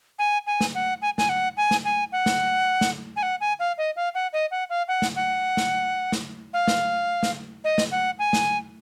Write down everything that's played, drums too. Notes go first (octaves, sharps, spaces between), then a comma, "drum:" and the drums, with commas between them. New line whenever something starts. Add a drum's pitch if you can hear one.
G#5
G#5
drum: snare
F#5
G#5
G#5, drum: snare
F#5
G#5
drum: snare
G#5
F#5
drum: snare
drum: snare
G#5
F#5
G#5
F5
D#5
F5
F#5
D#5
F#5
F5
F#5
drum: snare
F#5
drum: snare
drum: snare
F5
drum: snare
drum: snare
D#5
drum: snare
F#5
G#5
drum: snare